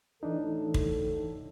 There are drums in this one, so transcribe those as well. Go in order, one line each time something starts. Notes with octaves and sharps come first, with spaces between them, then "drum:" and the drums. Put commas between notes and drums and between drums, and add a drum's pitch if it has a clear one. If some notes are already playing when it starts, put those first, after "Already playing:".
D2 A2 E3 D4 D#4 A4
drum: kick